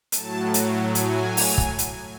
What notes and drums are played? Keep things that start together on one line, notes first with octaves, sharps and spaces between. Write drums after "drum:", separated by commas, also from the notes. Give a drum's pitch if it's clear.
A2 F#3 A5, drum: hi-hat
drum: hi-hat
G#5, drum: hi-hat
drum: open hi-hat
drum: kick
drum: hi-hat